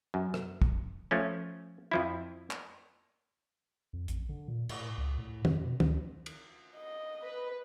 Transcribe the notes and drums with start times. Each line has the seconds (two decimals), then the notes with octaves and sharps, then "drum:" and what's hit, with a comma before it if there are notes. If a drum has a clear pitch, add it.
0.14 F#2
0.34 drum: rim click
0.62 drum: kick
1.11 F3 A3 C#4
1.91 F2 F3 E4
2.51 drum: clap
3.93 F2
4.08 A1, drum: hi-hat
4.29 D3
4.48 A#2
4.69 A2, drum: cymbal
4.97 C#2
5.18 A2
5.45 F2, drum: tom
5.65 B2
5.80 D2, drum: tom
6.26 drum: cymbal
6.76 D#5
7.24 B4